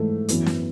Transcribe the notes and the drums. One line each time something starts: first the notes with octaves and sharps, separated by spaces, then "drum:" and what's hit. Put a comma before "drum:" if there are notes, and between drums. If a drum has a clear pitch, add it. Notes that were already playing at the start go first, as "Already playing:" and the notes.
Already playing: G#2 E3 A3
F#2 E3 B3, drum: hi-hat
drum: snare